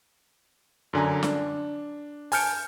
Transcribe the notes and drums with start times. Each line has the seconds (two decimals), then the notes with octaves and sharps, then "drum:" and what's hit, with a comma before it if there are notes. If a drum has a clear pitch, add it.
0.93 F#2 D3 G#5 A#5
1.23 D4, drum: snare
2.32 G#5 A5 F6 G6 C#7 D7, drum: open hi-hat